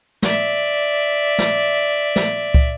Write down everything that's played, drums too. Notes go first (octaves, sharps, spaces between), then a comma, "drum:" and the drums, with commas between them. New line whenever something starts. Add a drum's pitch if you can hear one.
D5 E5, drum: snare
drum: snare
drum: snare
drum: kick